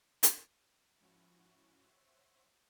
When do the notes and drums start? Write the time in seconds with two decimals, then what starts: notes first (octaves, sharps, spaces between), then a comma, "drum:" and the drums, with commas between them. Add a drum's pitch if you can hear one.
0.23 drum: hi-hat
1.00 G#2 F3 C#4 E4 F#4
1.82 C5 C#5 E5 F#5